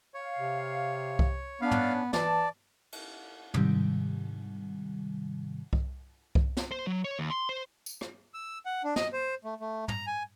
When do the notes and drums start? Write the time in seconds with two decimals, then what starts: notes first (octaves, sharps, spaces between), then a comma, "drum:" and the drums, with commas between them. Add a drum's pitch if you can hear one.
0.14 C#5 F5
0.39 C3
1.19 drum: kick C2
1.61 B3 C#4 D4 F5
1.71 drum: tom
2.13 E3 D5 A5, drum: snare
2.92 drum: cymbal
3.54 G#2 C3 D#3 G3, drum: tom
5.73 drum: kick C2
6.35 drum: kick C2
6.57 drum: snare
6.72 C5
6.87 F#3
7.04 C#5
7.19 D#2
7.30 C6
7.49 C5
7.86 drum: tambourine
8.01 drum: rim click
8.34 E6
8.65 F#5
8.84 D4
8.96 D#5, drum: snare
9.13 C5
9.44 A3
9.61 A3
9.88 A#5, drum: tom
10.07 G#5